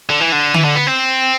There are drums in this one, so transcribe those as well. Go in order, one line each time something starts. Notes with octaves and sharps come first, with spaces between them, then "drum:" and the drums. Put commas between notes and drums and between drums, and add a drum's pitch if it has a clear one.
D3
E3
D3
E3, drum: tom D3
D3
B3
C4